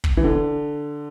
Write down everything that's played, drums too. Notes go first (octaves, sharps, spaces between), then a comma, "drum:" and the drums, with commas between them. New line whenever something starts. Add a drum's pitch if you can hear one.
drum: kick
E3
D3